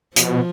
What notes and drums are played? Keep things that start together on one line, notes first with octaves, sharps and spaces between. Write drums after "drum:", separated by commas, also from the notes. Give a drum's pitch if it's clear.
B2 F3, drum: hi-hat